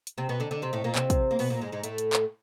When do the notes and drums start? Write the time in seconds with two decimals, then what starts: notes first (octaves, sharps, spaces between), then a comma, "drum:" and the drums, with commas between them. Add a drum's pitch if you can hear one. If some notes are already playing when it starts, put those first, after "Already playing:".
0.07 drum: hi-hat
0.18 C3 C4
0.29 B2 B3
0.40 D3 D4
0.51 D3 D4
0.62 C3 C4
0.73 A2 A3
0.84 A#2 A#3
0.95 C3 C4, drum: clap
1.10 drum: kick, hi-hat
1.31 A#3
1.39 B2 B3, drum: open hi-hat
1.50 A#2 A#3
1.62 G#2 G#3
1.72 G#2 G#3
1.84 A2 A3, drum: hi-hat
1.98 drum: hi-hat
2.13 drum: clap